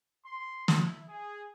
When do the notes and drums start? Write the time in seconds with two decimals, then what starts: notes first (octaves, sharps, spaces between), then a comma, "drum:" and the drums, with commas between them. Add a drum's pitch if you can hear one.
0.24 C6
0.68 E4, drum: snare
1.07 G#4